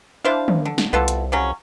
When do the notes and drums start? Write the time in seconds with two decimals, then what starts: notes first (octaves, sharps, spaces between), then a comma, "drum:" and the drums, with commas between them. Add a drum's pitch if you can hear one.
0.24 D4 E4 C5 F5
0.48 drum: tom
0.65 D3
0.78 drum: snare
0.93 C2 B3 F4 A4
1.08 drum: hi-hat
1.32 C#3 F#3 C#4